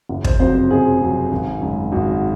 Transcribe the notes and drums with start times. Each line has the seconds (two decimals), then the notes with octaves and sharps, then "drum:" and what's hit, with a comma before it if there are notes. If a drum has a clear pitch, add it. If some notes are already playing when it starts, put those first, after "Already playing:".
0.09 F#1
0.24 C5, drum: kick
0.39 F2 C3 F#3 C5
0.55 C5
0.70 F#1 G#4
1.00 F2 C3 F#3
1.31 G#1
1.61 F#2 C#3 G#3
1.92 G#1 F#4